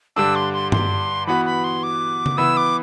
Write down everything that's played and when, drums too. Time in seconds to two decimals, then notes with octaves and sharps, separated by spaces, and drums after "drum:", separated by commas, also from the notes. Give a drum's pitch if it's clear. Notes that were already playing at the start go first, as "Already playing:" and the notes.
0.16 G2 D3 G3 D4 E6
0.36 C6
0.53 C6
0.72 C6, drum: tom G2
1.27 E3 B3 F#4 B5
1.46 B5
1.64 C6
1.83 D6
2.26 drum: tom C#3
2.37 E3 B3 E4 B4 E6
2.57 D6